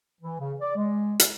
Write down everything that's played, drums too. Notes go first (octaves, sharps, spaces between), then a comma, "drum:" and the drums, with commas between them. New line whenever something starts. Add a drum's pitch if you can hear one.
E3
C#3
D5
G#3
drum: hi-hat